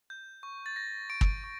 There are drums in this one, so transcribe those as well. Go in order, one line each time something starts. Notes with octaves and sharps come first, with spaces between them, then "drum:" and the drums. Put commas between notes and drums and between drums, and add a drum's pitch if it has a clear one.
G6
C#6
A6
G6 A#6
C#6 D7
drum: kick
C#6